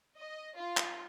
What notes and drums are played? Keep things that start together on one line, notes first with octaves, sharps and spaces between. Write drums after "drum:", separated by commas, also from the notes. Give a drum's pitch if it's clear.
D#5
F4
drum: clap